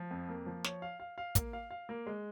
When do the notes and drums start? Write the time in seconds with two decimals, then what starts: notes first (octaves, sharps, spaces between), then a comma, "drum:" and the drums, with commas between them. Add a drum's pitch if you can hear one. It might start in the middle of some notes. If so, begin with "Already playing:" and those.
Already playing: F3
0.11 F2
0.29 A#3
0.46 F3
0.64 C#5, drum: snare
0.82 F5
1.00 F5
1.18 F5
1.35 A#3, drum: kick, hi-hat
1.53 F5
1.71 F5
1.89 A#3
2.06 G#3